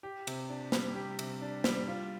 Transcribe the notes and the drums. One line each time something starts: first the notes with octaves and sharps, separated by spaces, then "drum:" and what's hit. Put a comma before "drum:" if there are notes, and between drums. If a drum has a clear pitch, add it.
G4
C3, drum: cymbal
D4
G3, drum: snare
G4
C3, drum: cymbal
D4
G3, drum: snare
F4